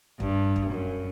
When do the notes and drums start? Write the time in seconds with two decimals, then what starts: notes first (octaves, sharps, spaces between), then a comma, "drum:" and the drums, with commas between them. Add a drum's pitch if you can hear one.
0.20 G2, drum: kick
0.56 drum: kick
0.70 F#2